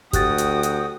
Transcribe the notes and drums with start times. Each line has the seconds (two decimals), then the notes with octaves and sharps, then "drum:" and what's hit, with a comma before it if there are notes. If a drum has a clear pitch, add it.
0.13 D2 F#4 G4 G5 D#6 F#6 A6, drum: kick, hi-hat
0.38 drum: hi-hat
0.63 drum: hi-hat